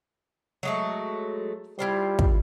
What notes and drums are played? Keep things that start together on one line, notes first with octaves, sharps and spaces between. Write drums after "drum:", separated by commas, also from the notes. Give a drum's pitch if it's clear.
F#3 G#3 A3
G3 E4 F4 C5
drum: kick